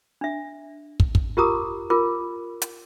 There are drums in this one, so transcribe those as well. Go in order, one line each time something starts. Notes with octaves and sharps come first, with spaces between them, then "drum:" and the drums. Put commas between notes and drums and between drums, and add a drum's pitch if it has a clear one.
D4 E5
drum: kick
drum: kick
F4 G4 A#4 A#5 D6 D#6
F4 A#4 D6
drum: hi-hat